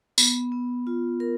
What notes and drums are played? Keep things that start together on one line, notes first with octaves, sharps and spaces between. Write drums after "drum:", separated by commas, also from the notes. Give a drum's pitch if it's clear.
B3, drum: tambourine
B3
F4
A#4